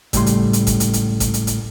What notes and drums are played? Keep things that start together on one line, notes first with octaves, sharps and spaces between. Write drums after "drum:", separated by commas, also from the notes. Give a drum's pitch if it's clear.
C#2 A2 G3 C6, drum: kick G1, hi-hat
drum: hi-hat
drum: hi-hat
drum: kick G1, hi-hat
drum: hi-hat
drum: hi-hat
drum: kick G1, hi-hat
drum: hi-hat
drum: hi-hat